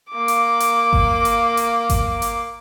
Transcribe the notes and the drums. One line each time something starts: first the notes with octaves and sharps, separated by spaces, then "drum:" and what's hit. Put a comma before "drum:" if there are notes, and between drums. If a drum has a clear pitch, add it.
A#3 D6
drum: hi-hat
drum: hi-hat
drum: kick G#1
drum: hi-hat
drum: hi-hat
drum: kick G#1, hi-hat
drum: hi-hat